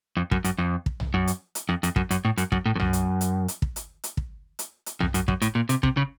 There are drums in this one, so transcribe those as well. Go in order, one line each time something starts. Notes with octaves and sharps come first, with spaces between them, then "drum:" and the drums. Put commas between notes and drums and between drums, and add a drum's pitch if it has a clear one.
F2
F#2, drum: kick
F#2, drum: hi-hat
F2
drum: kick
drum: tom B1
F#2
drum: hi-hat
drum: hi-hat
F2
F2, drum: hi-hat
F#2, drum: kick
F#2, drum: hi-hat
A2
F#2, drum: hi-hat
F#2, drum: kick
A2
F2
F#2, drum: tom B1
drum: hi-hat
drum: hi-hat
drum: hi-hat
drum: kick
drum: hi-hat
drum: hi-hat
drum: kick
drum: hi-hat
drum: hi-hat
F2, drum: tom B1
F#2, drum: hi-hat
F#2, drum: kick
A2, drum: hi-hat
A#2
C3, drum: hi-hat
C3, drum: kick
C#3